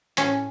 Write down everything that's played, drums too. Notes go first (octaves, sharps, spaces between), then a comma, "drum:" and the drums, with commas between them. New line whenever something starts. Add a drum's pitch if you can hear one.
A2 C#4, drum: hi-hat